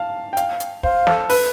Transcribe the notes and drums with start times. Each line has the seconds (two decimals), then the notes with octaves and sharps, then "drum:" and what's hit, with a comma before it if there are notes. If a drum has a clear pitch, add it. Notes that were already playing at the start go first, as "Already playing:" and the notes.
Already playing: F5 A5
0.33 G5
0.37 F5, drum: hi-hat
0.60 drum: hi-hat
0.83 C5 F5, drum: kick
1.07 A4, drum: snare
1.29 B4, drum: open hi-hat